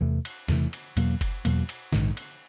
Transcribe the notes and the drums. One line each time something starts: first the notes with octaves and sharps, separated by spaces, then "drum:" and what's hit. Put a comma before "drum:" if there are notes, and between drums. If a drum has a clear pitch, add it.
E2 C3 E3 A3
drum: cymbal
E2 C3 E3 A3, drum: snare
drum: cymbal
E2 B2 F#3 A#3, drum: cymbal
drum: kick F#1, cymbal
E2 B2 F#3 A#3, drum: cymbal
drum: cymbal
A#1 G#2 D#3, drum: snare
drum: cymbal